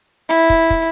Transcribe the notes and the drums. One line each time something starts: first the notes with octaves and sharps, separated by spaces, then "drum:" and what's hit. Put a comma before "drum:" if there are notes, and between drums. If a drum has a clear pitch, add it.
E4
drum: kick
drum: kick